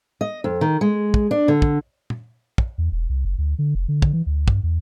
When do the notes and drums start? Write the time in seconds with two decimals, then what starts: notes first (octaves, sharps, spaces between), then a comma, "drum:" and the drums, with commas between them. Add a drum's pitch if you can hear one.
0.21 D#5
0.44 F2
0.61 D#3
0.81 G#3
1.14 drum: kick
1.31 D4
1.48 D3
1.62 drum: kick
2.10 drum: tom
2.58 drum: kick
2.78 E2
2.92 E1
3.09 C2
3.25 F#1
3.38 D2
3.59 D3
3.75 F1
3.88 D3
4.02 drum: kick
4.13 E3
4.26 D2
4.48 G2, drum: kick
4.63 E2